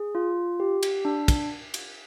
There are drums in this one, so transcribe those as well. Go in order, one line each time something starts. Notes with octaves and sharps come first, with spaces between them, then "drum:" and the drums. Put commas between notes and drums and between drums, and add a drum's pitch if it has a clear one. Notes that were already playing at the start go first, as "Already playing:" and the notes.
Already playing: G#4
F4
G4
drum: cymbal
D4
drum: kick, cymbal
drum: cymbal